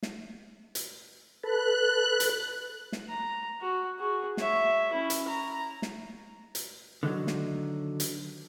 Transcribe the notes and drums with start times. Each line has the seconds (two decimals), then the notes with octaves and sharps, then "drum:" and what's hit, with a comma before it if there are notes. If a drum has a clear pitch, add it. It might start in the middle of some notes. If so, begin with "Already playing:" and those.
0.03 drum: snare
0.75 drum: hi-hat
1.44 A4 B4 F#6
2.20 drum: hi-hat
2.92 drum: snare
3.09 A#5
3.60 F#4
3.99 F#4 G#4
4.37 C#5 E5, drum: snare
4.93 C#4 E4
5.10 drum: hi-hat
5.28 A#5
5.82 drum: snare
6.55 drum: hi-hat
7.03 D3 D#3 F3 F#3
7.27 drum: snare
8.00 drum: hi-hat